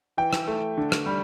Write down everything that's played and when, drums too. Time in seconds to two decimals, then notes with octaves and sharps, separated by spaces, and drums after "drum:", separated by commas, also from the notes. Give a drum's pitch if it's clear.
0.17 E3 G5
0.33 drum: rim click
0.47 A3
0.77 D3
0.92 drum: rim click
1.06 G3